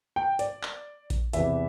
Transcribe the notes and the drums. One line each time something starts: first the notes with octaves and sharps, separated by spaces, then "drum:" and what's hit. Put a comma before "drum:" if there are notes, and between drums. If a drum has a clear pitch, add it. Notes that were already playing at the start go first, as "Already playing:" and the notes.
G5
D5, drum: hi-hat
drum: clap
drum: kick A#1, hi-hat
E2 C3 E3 E5, drum: hi-hat